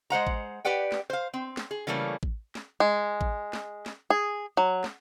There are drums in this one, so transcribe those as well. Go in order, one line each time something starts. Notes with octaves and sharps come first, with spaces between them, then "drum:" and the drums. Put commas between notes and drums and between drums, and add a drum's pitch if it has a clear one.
G#3 C5 F#5 A#5
drum: kick A1
G4 B4 D5 F#5 G5
drum: snare
C5 F5
C4
drum: snare
G#4
C#3 E3 G3 A3 A#3 C#4
drum: kick A1
drum: snare
G#3
drum: kick A1
drum: snare
drum: snare
G#4
F#3
drum: snare